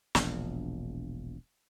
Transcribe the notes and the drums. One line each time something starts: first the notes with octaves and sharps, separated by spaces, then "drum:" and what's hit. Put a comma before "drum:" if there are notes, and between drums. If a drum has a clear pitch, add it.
E1 A#1, drum: snare